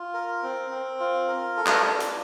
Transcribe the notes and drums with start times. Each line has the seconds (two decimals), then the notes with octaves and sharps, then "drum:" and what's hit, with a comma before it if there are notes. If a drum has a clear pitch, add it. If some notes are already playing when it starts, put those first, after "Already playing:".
Already playing: F4
0.14 A#4
0.43 C4
0.71 C4
1.00 F4
1.28 A#4
1.57 A4
1.67 drum: clap
1.85 D5
2.00 drum: hi-hat